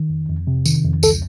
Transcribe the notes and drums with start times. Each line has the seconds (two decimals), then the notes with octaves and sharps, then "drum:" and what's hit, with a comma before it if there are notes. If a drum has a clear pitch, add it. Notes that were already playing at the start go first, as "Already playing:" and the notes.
Already playing: D#3
0.10 F2
0.29 F2
0.47 C3
0.65 D#3, drum: tambourine
0.84 F2
1.03 C#2 A4, drum: tambourine